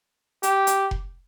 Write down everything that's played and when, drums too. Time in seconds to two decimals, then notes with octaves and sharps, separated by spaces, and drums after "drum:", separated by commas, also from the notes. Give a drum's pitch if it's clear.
0.43 G4, drum: hi-hat
0.67 drum: hi-hat
0.91 drum: kick F1